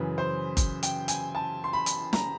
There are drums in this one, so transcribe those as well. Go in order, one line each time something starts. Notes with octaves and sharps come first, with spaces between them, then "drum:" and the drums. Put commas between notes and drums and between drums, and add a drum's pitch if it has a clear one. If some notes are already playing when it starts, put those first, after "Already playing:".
Already playing: F#2 C#3 E3 B4
C5
drum: kick F#1, hi-hat
G5, drum: hi-hat
G#5, drum: hi-hat
A5
C6
B5
drum: hi-hat
A#5, drum: snare